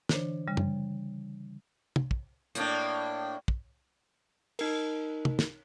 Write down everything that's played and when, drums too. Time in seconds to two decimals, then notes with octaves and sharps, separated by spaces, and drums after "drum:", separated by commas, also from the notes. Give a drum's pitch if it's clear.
0.09 D3 E3 D4 C5 C#5, drum: snare
0.48 C#3 G3
0.57 drum: tom
1.96 drum: tom
2.11 drum: kick
2.55 A2 A#3 D4, drum: hi-hat
3.48 drum: kick
4.59 D#4 A#4, drum: cymbal
5.25 drum: tom
5.39 drum: snare